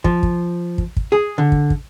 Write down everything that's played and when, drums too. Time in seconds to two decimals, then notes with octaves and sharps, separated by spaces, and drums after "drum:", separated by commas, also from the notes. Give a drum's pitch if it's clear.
0.04 F3, drum: kick
0.23 drum: kick
0.78 drum: kick
0.97 drum: kick
1.12 G#4
1.38 D3
1.52 drum: kick
1.70 drum: kick